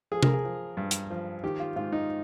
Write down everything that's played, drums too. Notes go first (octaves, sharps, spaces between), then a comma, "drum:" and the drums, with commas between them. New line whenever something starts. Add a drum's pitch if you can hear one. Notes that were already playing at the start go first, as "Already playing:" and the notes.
F3 G#4
A#4, drum: tom C3
G#4
F3
G2
drum: hi-hat
F3
D#3 G4
F4
G#2 F4
D#4